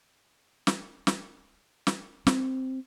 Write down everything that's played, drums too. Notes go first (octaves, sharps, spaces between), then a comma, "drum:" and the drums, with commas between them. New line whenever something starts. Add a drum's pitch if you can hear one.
drum: snare
drum: snare
drum: snare
C4, drum: snare